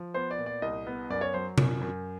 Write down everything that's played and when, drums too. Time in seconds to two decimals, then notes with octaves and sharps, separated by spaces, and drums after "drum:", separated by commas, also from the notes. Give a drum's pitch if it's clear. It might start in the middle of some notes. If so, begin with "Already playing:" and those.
Already playing: F3
0.14 B3 C5
0.31 D5
0.39 A#2
0.46 D5
0.62 C2 D#5
0.87 B3
1.10 F#2 D5
1.21 C#5
1.34 F#3 C5
1.58 F#2, drum: tom C3
1.81 F#2